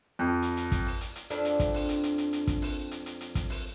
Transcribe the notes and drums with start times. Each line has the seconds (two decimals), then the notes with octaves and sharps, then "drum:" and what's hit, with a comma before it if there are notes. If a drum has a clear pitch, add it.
0.19 F2
0.42 drum: hi-hat
0.57 drum: hi-hat
0.72 drum: kick, hi-hat
0.86 drum: open hi-hat
1.01 drum: hi-hat
1.16 drum: hi-hat
1.30 F2 D4, drum: hi-hat
1.45 drum: hi-hat
1.60 drum: kick, hi-hat
1.74 drum: open hi-hat
1.89 drum: hi-hat
2.03 drum: hi-hat
2.18 drum: hi-hat
2.33 drum: hi-hat
2.47 drum: kick, hi-hat
2.62 drum: open hi-hat
2.91 drum: hi-hat
3.06 drum: hi-hat
3.21 drum: hi-hat
3.35 drum: kick, hi-hat
3.50 drum: open hi-hat